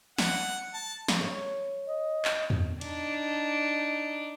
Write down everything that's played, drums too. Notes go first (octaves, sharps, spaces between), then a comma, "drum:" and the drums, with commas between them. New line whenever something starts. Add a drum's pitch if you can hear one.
F#5, drum: snare
A5
drum: snare
C#5
D#5
drum: clap
drum: tom E2
D4 D#4, drum: cymbal